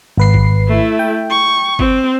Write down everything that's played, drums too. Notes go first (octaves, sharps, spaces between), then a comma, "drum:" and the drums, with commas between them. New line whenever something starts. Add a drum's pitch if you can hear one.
G#1 B4 C7
drum: kick G1
A3 E4
G5
C#6
C4, drum: kick G1